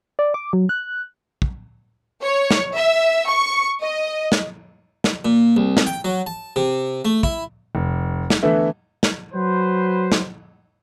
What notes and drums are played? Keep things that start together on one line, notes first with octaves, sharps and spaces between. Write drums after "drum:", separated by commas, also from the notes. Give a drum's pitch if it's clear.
D5
D6
F#3
F#6
drum: kick
C#5
drum: snare
E5
C#6
D#5
drum: snare
drum: snare
A#2
C2
drum: snare
G5
F#3
A5
C3
A3
E4, drum: kick
F1
drum: snare
D3 E3 A3 B3 E4
drum: snare
F#3 B4 C5
drum: snare